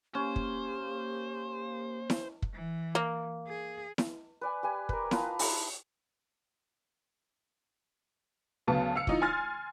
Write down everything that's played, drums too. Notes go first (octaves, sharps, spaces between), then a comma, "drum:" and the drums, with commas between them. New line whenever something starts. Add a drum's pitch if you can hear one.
A#3 C#4 G4 C5
drum: kick
drum: snare E4
drum: kick
E3
A#3
G#4
drum: snare E4
B4 D5 G#5
G4 B4 G#5
A#4 B4, drum: kick
F4 B4 D#5 A5, drum: snare E4
D#4 E4, drum: open hi-hat
D2 C#3 F#3 B3 A5
F5 E6 C#7
E3 D#4 F4, drum: kick
G#5 C6 F6 A6